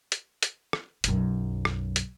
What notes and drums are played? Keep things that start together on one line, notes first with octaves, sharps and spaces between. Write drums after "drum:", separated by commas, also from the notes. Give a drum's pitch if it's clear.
drum: hi-hat
drum: hi-hat
drum: rim click
B1 F#2, drum: hi-hat
drum: rim click
drum: hi-hat